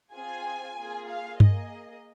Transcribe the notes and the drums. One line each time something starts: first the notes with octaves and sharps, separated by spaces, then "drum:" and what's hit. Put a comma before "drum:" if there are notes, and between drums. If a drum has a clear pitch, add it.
C4 F4 G#4 G#5
A#3 F4 G#4
F5
A#3 G#4 D#5, drum: tom G2